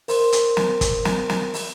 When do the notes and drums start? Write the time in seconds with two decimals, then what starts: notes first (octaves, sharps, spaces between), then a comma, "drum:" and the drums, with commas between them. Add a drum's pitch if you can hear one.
0.08 A#4 C5 C6, drum: open hi-hat
0.32 drum: hi-hat
0.57 drum: snare
0.81 drum: kick, hi-hat
1.05 drum: snare
1.29 drum: snare
1.54 drum: open hi-hat